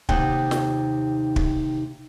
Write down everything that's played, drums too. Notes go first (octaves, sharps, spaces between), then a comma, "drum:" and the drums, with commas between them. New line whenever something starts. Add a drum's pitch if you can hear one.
D#2 C3 D#4 F#5 G5, drum: kick
drum: snare
drum: kick